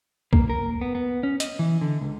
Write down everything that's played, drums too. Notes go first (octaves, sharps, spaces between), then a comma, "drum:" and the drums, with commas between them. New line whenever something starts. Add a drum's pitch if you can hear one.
A#3, drum: kick C2
A#4
B3
B3
C#4
D#5, drum: hi-hat
E3
D3
C#2